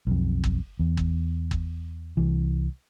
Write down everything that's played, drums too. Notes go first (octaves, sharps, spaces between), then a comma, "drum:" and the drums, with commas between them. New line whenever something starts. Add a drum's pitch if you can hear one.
B1 F2
drum: kick G1
E2
drum: kick G1
drum: kick G1
C2 E3